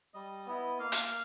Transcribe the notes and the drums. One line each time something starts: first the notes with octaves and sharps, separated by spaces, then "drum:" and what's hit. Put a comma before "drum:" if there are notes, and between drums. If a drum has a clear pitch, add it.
G3 D#5
B3 E4
A#3 F5
drum: hi-hat